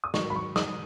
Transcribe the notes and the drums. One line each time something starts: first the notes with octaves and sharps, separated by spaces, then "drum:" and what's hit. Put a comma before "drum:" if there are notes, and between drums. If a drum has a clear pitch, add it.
D#6
G#2 D#3 F#3 C#6, drum: snare
B5
C#6
D#6, drum: snare